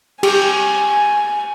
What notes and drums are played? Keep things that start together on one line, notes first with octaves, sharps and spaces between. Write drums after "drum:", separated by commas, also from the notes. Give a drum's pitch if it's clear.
G4 G#5, drum: cymbal